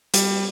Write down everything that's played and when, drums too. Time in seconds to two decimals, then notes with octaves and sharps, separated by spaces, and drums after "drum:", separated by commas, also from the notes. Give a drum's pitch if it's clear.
0.14 G3, drum: hi-hat